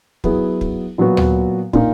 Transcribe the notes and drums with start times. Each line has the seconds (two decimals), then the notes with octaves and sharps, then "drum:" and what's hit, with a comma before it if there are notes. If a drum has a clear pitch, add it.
0.24 F#3 B3 E4 G#4, drum: kick
0.61 drum: kick
0.98 A#2 F#3 B3 F#4
1.17 drum: tom D2
1.73 A#2 A#3 D#4, drum: kick